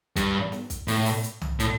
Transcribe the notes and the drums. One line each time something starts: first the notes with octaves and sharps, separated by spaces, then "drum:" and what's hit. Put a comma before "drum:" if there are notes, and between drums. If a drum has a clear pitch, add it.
G2, drum: kick, hi-hat
drum: snare
drum: kick, hi-hat
A2, drum: open hi-hat
drum: open hi-hat
drum: hi-hat
drum: tom C2
A2, drum: hi-hat